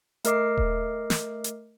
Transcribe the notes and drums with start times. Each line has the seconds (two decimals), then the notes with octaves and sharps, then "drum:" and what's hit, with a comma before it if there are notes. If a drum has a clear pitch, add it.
0.24 A3 A#4 D#5 D6 C7, drum: hi-hat
0.57 drum: kick D#1
1.10 drum: snare
1.44 drum: hi-hat